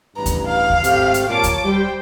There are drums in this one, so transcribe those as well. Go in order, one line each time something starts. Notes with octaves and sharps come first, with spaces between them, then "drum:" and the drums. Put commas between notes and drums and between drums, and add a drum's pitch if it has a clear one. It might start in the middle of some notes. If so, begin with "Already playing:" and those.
A1 G2 B4 A#5
drum: kick D2, hi-hat
F5
drum: kick D2
G#1 A3 C4 G4, drum: hi-hat
drum: hi-hat
A#2 A#3 C#5 A5 D6
drum: kick D2, hi-hat
G3 G4 C5 G5